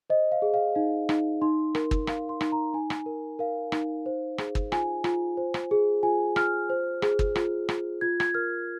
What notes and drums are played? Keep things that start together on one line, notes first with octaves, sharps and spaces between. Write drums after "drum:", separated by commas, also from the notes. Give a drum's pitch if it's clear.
C5 D#5
F5
G#4
F5
D#4 F5
D#4, drum: rim click
D#4 C6
A#4, drum: rim click
drum: kick
A#4 F5, drum: rim click
C6
D#4, drum: rim click
A#5
D#4 G#5
drum: rim click
A#4
A#4 F5
D#4, drum: rim click
C5
G#4, drum: rim click
drum: kick
F4 G#5, drum: rim click
F4, drum: rim click
C5
drum: rim click
G#4
F4 G#5
F4 F6, drum: rim click
C5
G#4, drum: rim click
drum: kick
F4, drum: rim click
F4, drum: rim click
F4 G#6
G#6, drum: rim click
A#4 F6